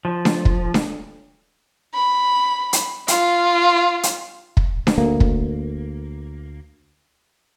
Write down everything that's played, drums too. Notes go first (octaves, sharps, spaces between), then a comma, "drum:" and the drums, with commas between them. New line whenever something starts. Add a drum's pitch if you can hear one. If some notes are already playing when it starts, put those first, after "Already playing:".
F3
drum: snare D4
drum: kick
drum: snare D4
B5
drum: hi-hat
F4, drum: hi-hat
drum: hi-hat
drum: kick
drum: snare D4
D2 A#3
drum: kick